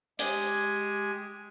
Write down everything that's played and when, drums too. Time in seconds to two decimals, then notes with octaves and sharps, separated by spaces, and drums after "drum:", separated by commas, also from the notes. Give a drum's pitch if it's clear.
0.19 G#3 G4 G#5, drum: hi-hat